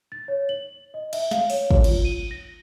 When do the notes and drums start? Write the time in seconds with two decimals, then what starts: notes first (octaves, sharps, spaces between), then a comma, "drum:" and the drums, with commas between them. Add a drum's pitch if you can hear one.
0.12 A6
0.28 C#5
0.49 F#7
0.94 D#5
1.13 E5, drum: cymbal
1.31 F5, drum: snare
1.50 C#5, drum: open hi-hat
1.71 C#5, drum: kick
1.84 F4, drum: cymbal
2.05 D#7
2.31 A#6